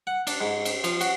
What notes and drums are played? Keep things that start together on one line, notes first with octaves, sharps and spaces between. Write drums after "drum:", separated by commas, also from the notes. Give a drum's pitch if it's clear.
F#5
D4, drum: cymbal
G#2
drum: cymbal
F3, drum: cymbal
F#4, drum: cymbal